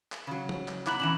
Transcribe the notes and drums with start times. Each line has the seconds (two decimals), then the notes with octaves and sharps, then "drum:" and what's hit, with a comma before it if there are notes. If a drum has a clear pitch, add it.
0.12 drum: clap
0.27 C#3 F#3
0.49 drum: tom F3
0.68 drum: clap
0.86 B3 E4 A#5 D6 F#6 F#7, drum: clap
1.00 E3 C#4 D4 E7 F#7